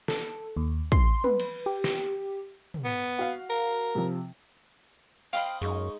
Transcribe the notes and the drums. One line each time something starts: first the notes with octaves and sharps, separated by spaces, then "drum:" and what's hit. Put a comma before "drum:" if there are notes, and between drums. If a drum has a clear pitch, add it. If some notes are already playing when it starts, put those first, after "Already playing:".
A4, drum: snare
D#2
C6, drum: kick
B4, drum: tom
drum: cymbal
G4
drum: snare
drum: tom
B3
F#4 F5
A#4
C3 F3
C4 D#5 F5 G5 B5
F#2 G#3 D#4 C#6